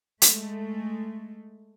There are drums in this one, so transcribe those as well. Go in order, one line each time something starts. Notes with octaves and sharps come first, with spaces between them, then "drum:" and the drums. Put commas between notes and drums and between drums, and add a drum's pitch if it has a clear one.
G#3 A3, drum: hi-hat